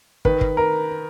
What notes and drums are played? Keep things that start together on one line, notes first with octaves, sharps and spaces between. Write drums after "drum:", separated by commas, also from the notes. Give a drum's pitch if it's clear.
D#3 B4, drum: kick
drum: kick
A#4